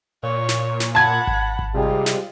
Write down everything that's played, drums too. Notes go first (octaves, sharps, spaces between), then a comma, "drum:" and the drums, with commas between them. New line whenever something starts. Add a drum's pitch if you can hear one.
A#2 C#5
drum: snare
drum: snare
F#5 A5 B5 G#6
drum: kick G#1
drum: kick G#1
C3 G3 G#3 F4 G#4
drum: snare